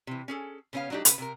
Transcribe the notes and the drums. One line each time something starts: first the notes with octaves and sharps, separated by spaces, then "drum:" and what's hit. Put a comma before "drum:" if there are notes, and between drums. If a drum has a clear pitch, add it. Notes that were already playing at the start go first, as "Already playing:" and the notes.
C3 E3
C#4 G#4 A4
C#3 B3 C#4 A4 F5
F#3 A3 D4 D#4 G4
C#3 B4, drum: hi-hat
C3 A#4